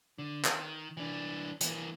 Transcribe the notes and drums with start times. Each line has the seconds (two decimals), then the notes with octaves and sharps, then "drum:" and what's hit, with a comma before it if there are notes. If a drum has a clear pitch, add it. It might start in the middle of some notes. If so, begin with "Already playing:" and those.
0.18 D3
0.45 D#3, drum: clap
0.97 E3 D4
1.61 E3 A#3, drum: hi-hat